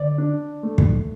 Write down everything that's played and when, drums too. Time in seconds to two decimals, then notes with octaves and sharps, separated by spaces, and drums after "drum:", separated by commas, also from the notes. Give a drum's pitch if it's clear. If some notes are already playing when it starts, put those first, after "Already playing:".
Already playing: D3 D5
0.18 D4
0.63 A3
0.78 drum: kick